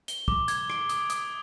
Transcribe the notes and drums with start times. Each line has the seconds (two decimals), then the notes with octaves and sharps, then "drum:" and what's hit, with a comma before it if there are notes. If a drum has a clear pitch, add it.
0.08 G7, drum: hi-hat
0.28 D6, drum: kick
0.48 G#6, drum: hi-hat
0.70 D7, drum: rim click
0.89 D#6, drum: hi-hat
1.10 D#6, drum: hi-hat